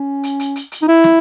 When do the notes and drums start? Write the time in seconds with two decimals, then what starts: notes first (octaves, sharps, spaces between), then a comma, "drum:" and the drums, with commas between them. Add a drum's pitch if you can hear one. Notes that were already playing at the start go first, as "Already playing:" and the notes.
Already playing: C#4
0.23 drum: hi-hat
0.39 drum: hi-hat
0.56 drum: hi-hat
0.72 drum: hi-hat
0.82 D#4
0.88 E4
1.04 drum: snare